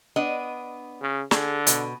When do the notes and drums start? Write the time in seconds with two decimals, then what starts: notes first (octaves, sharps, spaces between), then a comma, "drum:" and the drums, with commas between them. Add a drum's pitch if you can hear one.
0.16 B3 D4 D#5
1.01 C#3
1.31 D3 G#4, drum: snare
1.67 B2, drum: hi-hat